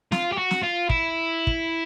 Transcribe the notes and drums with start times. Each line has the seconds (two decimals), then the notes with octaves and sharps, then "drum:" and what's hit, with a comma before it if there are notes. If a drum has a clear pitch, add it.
0.12 F4, drum: snare
0.32 G4
0.38 F#4
0.51 drum: snare
0.63 F4
0.89 E4, drum: kick
1.47 drum: kick